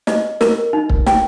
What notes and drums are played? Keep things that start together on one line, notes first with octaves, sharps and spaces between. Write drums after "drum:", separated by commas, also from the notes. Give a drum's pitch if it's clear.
D#5, drum: snare
A#4, drum: snare
D#4
drum: kick C#1
G5, drum: snare